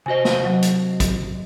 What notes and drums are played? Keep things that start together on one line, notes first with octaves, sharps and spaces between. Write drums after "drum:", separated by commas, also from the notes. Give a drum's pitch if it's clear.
C3 F#4 C5 D#5 G#5
drum: snare
F#3
drum: hi-hat
drum: kick, hi-hat